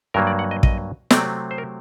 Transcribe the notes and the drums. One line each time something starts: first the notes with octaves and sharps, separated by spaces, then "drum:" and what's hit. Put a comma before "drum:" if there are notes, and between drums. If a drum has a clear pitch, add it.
G2 F#3 A#3 A#4
D5
F#5
D#5
D#5, drum: kick
C3 F#3 A3 C4 D5, drum: snare
C5
A#4